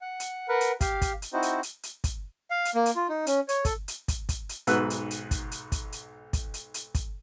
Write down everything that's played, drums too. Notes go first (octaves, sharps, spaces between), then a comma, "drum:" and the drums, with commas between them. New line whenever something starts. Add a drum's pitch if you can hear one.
F#5
drum: hi-hat
A#4 B4 F#5
drum: hi-hat
G4 F5, drum: kick, hi-hat
drum: kick, hi-hat
drum: hi-hat
C4 D#4 E4 F#4 C5
drum: hi-hat
drum: hi-hat
drum: hi-hat
drum: kick, hi-hat
F5
drum: hi-hat
A#3
drum: hi-hat
F4
D#4
C#4, drum: hi-hat
C#5, drum: hi-hat
A4, drum: kick, hi-hat
drum: hi-hat
drum: kick, hi-hat
drum: kick, hi-hat
drum: hi-hat
B1 G#2 F#4 B4 E6 F#6, drum: hi-hat
drum: hi-hat
drum: hi-hat
drum: kick, hi-hat
drum: hi-hat
drum: kick, hi-hat
drum: hi-hat
drum: kick, hi-hat
drum: hi-hat
drum: hi-hat
drum: kick, hi-hat